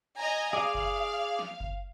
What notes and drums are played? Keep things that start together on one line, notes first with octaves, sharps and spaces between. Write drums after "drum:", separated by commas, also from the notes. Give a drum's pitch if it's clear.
D#5 G#5 A#5
G#4 D5 F5
drum: kick F#1
drum: snare
drum: kick F#1